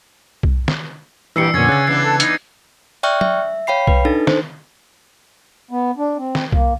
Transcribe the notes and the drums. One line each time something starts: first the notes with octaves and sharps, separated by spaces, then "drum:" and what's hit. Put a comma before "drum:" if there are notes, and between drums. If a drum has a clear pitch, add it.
drum: kick B1
drum: snare
G2 A#2 E3 G4 E6 C7 C#7
F2 A#2 D3 C#4 G#5 G#6 A6
C#3 F#6 A6
E3 B3 D4 A6 C7
A4 A5
D#4 G#6 A6 C#7, drum: hi-hat
D5 E5 G5 C#6 F6 F#6
E5, drum: tom F#3
C#5 F5 G5 B5 C7
B4, drum: kick B1
D4 D#4 A4 A6
C5, drum: snare
B3
D4
C4
drum: snare
A#3, drum: kick B1